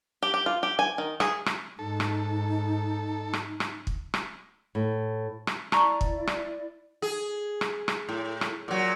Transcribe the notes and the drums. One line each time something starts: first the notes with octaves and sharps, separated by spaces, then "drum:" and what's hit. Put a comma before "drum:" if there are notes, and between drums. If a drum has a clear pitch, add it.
G4
G4
F4
G4
G#5
D#3
G#4, drum: rim click
drum: rim click
G#2 D#4 A4
drum: rim click
drum: rim click
drum: rim click
drum: kick
drum: rim click
A2
drum: rim click
E4 D5 A5 A#5 C#6, drum: rim click
drum: kick
drum: rim click
G#4
drum: rim click
drum: rim click
A2
drum: rim click
A#2 F#3